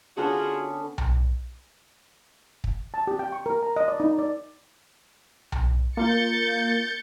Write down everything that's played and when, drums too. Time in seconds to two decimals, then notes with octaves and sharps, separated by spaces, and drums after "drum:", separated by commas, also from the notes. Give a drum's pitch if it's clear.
0.17 D3 B3 C#4 F4 F#4 G#4
0.98 drum: tom B1
2.64 drum: kick
2.94 A5
3.07 G4
3.19 G5
3.32 C#6
3.46 A#4
3.63 A#5
3.76 D#5
3.88 D5
4.00 D#4
4.19 D5
5.52 drum: tom B1
5.97 A#3 F4 G6 A6 C#7